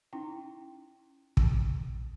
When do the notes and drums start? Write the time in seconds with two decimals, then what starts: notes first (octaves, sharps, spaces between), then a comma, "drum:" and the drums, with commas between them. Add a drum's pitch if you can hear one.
0.13 C#4 D#4 E4 G5
1.37 drum: kick